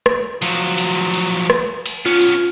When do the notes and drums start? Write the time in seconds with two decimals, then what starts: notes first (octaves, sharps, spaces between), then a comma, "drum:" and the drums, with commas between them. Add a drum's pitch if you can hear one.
0.06 drum: rim click
0.42 F3 F#3, drum: cymbal
0.78 drum: cymbal
1.14 drum: cymbal
1.50 drum: rim click
1.86 drum: cymbal
2.05 B3 C#4 F4
2.22 drum: cymbal